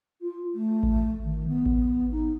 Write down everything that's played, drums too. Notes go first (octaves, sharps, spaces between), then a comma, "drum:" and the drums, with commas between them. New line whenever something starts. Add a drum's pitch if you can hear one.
F4
A3
drum: kick A1
D#3
B3
drum: kick A1
D#4